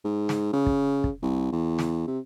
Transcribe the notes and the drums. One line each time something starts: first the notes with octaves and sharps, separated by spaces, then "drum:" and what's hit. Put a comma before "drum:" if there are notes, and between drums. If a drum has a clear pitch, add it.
G#2
drum: snare
C#3
drum: kick
drum: kick
C2
E2
drum: snare
C3